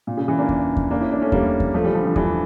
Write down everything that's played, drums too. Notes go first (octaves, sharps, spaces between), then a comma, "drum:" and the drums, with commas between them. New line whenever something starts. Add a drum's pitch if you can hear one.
A#2
C#3
C#3 E3
A#3 D4
drum: kick E2
drum: kick E2
A#3 D4
C#4 E4
A#3 D4
A3 C#4
G3 A#3, drum: kick E2
drum: kick E2
F3 A3
E3 G3
D3 F3
D3 F3
E3 G3, drum: kick E2